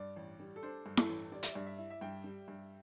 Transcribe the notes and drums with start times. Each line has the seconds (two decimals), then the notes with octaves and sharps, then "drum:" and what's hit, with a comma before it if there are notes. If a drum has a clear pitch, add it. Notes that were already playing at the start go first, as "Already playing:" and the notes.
Already playing: G2 D5
0.16 A1
0.40 G3
0.56 A4
0.63 D4 C5
0.86 G2
0.97 A4, drum: snare E4
1.09 A1
1.32 G3 D5
1.43 E5, drum: hi-hat
1.53 G2 D5
1.66 E5
1.78 E4
1.90 E5
2.01 G2 G5
2.24 G3
2.48 G2